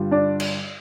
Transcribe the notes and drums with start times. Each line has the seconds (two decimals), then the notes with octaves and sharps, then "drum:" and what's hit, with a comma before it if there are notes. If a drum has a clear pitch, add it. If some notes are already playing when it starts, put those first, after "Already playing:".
Already playing: G2 D3 G3 F4
0.11 D4 D5
0.40 drum: cymbal